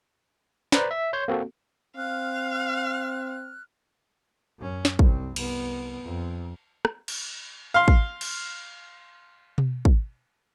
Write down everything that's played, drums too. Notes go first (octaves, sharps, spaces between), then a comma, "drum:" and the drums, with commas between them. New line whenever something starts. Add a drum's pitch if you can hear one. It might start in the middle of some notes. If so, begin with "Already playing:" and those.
B4 C5 D5 A#5 B5, drum: snare
E5
C#5 C6 G6
A#3 C4 F#4 A4
C4 F5 F6 F#6
F#2 C#4
drum: snare
C2 C4, drum: kick
C2 B3, drum: cymbal
F2
drum: rim click
drum: cymbal
F5 C6
drum: kick
drum: cymbal
drum: tom B2
drum: kick